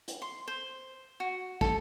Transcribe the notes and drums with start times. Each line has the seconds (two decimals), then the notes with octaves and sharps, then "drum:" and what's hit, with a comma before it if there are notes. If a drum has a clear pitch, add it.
0.08 drum: hi-hat
0.22 C6
0.48 C5
1.20 F#4
1.61 A4, drum: kick